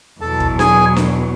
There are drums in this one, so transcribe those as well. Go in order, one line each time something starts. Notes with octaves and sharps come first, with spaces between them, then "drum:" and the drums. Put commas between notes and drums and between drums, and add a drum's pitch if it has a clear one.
E2 B2 F#3 A4 A5
drum: kick
G#4 G#5, drum: snare D4
drum: snare D4